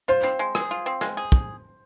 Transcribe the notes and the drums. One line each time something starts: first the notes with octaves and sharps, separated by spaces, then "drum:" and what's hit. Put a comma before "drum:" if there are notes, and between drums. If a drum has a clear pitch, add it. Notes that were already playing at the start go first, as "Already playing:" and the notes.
F4 C5
C4
G#3
G#4, drum: rim click
F4
C4
G#3, drum: rim click
G#4
drum: kick